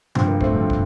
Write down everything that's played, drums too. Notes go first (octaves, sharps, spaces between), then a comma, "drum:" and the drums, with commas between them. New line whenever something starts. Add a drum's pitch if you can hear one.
G2 D3 F3 C4, drum: tom C3
A#3
A3 C4, drum: kick
G2 D3 F3
drum: kick